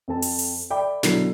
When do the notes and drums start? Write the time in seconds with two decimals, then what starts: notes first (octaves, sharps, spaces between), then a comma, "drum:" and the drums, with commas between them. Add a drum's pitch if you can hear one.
0.08 F2 C4 A4 A5
0.22 drum: open hi-hat
0.39 drum: open hi-hat
0.70 A4 D5 E5 G5 B5 D6
1.03 B2 D3 F#3 E4 A#4 C7, drum: snare